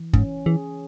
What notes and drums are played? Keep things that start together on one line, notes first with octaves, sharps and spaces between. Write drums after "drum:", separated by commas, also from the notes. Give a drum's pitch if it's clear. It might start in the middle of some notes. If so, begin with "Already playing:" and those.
Already playing: E3
G#2 C#4, drum: kick
E3 G#4